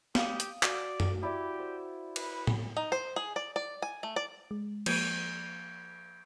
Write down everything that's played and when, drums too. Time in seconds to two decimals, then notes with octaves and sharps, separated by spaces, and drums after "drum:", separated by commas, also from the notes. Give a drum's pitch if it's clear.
0.15 G4 F5 D#6, drum: snare
0.40 drum: hi-hat
0.63 F#4 D5, drum: clap
1.00 drum: tom F#2
1.23 E4 G4 D5
1.59 C5
2.16 B4, drum: cymbal
2.47 drum: tom A2
2.77 D#4
2.92 C5
3.16 G#4
3.36 D5
3.56 D5
3.82 G#5
4.03 A3
4.16 D5
4.51 G#3
4.86 F3 A#3 G6 G#6 D7, drum: cymbal